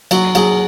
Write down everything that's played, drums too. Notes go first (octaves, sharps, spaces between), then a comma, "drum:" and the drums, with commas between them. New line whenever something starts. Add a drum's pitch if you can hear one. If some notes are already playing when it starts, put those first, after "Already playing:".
F#3 F#4, drum: cymbal
F#3 G#4, drum: cymbal